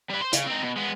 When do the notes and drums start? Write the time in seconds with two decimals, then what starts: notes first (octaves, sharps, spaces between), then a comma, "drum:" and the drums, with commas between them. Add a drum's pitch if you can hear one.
0.09 G3 B4
0.21 C5 C6
0.33 C#3, drum: hi-hat
0.46 C4 D#4
0.63 B2
0.76 G#3 B3